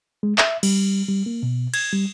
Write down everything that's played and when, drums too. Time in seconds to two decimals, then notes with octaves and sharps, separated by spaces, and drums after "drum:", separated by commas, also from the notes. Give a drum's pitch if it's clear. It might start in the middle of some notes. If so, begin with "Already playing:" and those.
0.23 G#3
0.38 E5, drum: clap
0.63 G3, drum: cymbal
1.08 G3
1.26 A#3
1.43 B2
1.74 G#6, drum: cymbal
1.93 G3